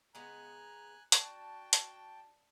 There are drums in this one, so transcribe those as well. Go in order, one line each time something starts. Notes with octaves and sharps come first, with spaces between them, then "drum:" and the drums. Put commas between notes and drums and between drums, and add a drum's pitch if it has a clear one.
C#3 G#3 B3 G#5 A#5 F#6
D4 F#4 G5 A5, drum: hi-hat
drum: hi-hat